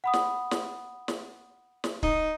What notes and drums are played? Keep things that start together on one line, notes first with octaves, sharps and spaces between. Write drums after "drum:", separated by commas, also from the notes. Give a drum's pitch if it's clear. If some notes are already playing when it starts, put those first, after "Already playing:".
F#5 B5 D#6
drum: snare
drum: snare
drum: snare
drum: snare
D#4, drum: kick